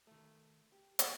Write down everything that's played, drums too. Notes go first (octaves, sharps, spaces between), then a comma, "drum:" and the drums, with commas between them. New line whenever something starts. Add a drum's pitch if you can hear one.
D#3 A3
G4
G#3 B3 D4 F#4, drum: hi-hat